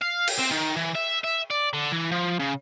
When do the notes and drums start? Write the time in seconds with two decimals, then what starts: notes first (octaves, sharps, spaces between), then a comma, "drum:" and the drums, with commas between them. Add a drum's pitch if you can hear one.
0.01 F5
0.28 drum: cymbal
0.38 C4
0.51 D#3
0.77 E3
0.95 E5
1.24 E5
1.51 D5
1.74 D3
1.92 E3
2.11 F3
2.39 C#3